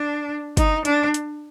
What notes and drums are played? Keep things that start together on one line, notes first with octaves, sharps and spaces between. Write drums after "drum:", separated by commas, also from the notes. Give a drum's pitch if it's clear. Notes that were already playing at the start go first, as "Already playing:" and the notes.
Already playing: D4
D#4, drum: kick, hi-hat
D4, drum: hi-hat
drum: hi-hat